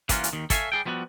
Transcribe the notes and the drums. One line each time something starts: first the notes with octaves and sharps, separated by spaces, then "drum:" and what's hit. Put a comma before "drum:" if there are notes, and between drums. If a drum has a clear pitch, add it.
E3 A#3 C#4 F4 F#4, drum: kick, hi-hat
drum: hi-hat
D#2 D#3
A4 C#5 E5 F5 G#5, drum: kick, hi-hat
G3 G#4 A4 G5
F3 G3 B3 F4 F#4